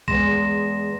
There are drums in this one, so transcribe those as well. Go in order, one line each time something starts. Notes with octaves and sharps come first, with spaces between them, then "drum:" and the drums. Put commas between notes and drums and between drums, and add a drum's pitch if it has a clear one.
E2 G#3 C6 A#6 E7, drum: kick A#1